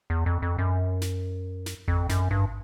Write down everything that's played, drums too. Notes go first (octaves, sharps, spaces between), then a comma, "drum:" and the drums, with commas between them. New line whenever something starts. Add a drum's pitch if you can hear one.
E2
F2
F2
F#2
drum: snare
drum: snare
F2, drum: kick G#1
F#2, drum: snare
G2, drum: kick G#1